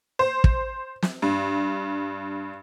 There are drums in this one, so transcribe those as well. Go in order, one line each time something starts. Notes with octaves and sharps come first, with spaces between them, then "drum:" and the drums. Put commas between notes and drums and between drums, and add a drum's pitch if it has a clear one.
C5
drum: kick
drum: snare
G2